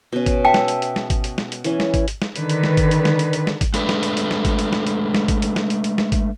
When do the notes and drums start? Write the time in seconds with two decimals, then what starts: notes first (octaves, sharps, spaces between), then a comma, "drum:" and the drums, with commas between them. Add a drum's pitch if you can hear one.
0.12 B2 C#4
0.26 drum: kick G#1, hi-hat
0.45 E5 G5 A5
0.54 drum: snare
0.68 drum: hi-hat
0.82 drum: hi-hat
0.96 drum: snare
1.10 drum: kick G#1, hi-hat
1.24 drum: hi-hat
1.38 drum: snare
1.52 drum: hi-hat
1.64 E3 C#4, drum: hi-hat
1.80 drum: snare
1.94 drum: kick G#1, hi-hat
2.08 drum: hi-hat
2.22 drum: snare
2.36 D3 D#3 B4, drum: hi-hat
2.49 drum: hi-hat
2.63 drum: snare
2.77 drum: kick G#1, hi-hat
2.91 drum: hi-hat
3.05 drum: snare
3.19 drum: hi-hat
3.33 drum: hi-hat
3.47 drum: snare
3.61 drum: kick G#1, hi-hat
3.74 G#3 A3 D4 B4, drum: hi-hat
3.89 drum: snare
4.03 drum: hi-hat
4.17 drum: hi-hat
4.31 drum: snare
4.45 drum: kick G#1, hi-hat
4.59 drum: hi-hat
4.73 drum: snare
4.87 drum: hi-hat
5.14 drum: snare
5.28 drum: kick G#1, hi-hat
5.42 drum: hi-hat
5.56 drum: snare
5.70 drum: hi-hat
5.84 drum: hi-hat
5.98 drum: snare
6.12 drum: kick G#1, hi-hat